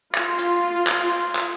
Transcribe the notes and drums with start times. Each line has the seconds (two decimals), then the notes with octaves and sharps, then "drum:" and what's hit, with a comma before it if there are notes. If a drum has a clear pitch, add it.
0.14 F4, drum: clap
0.39 drum: hi-hat
0.87 drum: clap
1.36 drum: clap